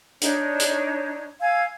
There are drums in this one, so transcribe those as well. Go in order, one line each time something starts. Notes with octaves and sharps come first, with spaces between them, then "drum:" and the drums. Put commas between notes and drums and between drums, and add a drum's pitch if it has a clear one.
D4 D#4 C#5, drum: hi-hat
drum: hi-hat
F5 G#5 E6 G#6